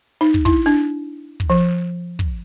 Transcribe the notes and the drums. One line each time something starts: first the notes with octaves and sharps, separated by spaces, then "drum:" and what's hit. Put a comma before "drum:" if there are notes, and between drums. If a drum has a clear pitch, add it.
D#4
drum: kick
E4, drum: kick
D4
drum: kick
F3
drum: kick